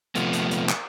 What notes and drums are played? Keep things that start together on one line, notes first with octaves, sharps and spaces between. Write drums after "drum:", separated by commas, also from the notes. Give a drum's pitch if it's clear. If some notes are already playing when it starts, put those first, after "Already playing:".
C3 F3 A3 B3, drum: hi-hat
drum: hi-hat
drum: hi-hat
drum: clap